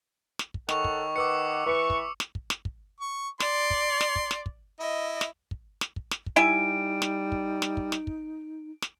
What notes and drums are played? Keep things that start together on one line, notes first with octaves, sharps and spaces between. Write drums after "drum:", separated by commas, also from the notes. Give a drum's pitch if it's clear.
drum: snare
drum: kick
D#3 A4 C#5 F#5 C#6 F7, drum: snare
drum: kick
B4 F#5 D6 E6 C#7
E3 B4 C#6
drum: kick
drum: snare
drum: kick
drum: snare
drum: kick
C#6
D5 C6, drum: snare
drum: kick
drum: snare
drum: kick
drum: snare
drum: kick
E4 D#5
drum: snare
drum: kick
drum: snare
drum: kick
drum: snare
drum: kick
G3 D#4 E4 E5 G#5 D7
drum: snare
drum: kick
drum: snare
drum: kick
drum: snare
drum: kick
drum: snare